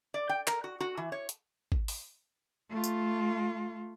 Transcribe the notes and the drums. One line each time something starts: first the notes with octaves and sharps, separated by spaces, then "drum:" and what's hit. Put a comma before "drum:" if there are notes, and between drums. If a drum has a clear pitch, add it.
D5
G5
A#4, drum: clap
F#4
F#4
E3
C#5
drum: hi-hat
drum: kick G#1
drum: open hi-hat
A3 F4
drum: tambourine